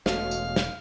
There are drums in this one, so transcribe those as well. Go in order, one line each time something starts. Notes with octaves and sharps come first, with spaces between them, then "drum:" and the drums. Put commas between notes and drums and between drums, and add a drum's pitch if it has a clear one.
E1 B2 G#3 A3 C#5 F5, drum: snare
drum: tambourine
drum: snare